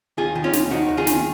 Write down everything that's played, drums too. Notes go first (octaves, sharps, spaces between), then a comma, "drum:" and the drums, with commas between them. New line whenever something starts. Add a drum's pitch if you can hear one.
D#2 F4 G#4
D#3
C#4 F4
D#2, drum: snare
D#3 D#4 F#4
D#2
F4 G#4
D#3, drum: snare